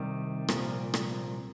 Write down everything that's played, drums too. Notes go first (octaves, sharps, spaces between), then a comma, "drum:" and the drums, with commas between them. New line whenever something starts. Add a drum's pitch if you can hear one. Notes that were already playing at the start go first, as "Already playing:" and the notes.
Already playing: C2 C3 D#3 G3
C2 A#2 F3, drum: rim click
drum: rim click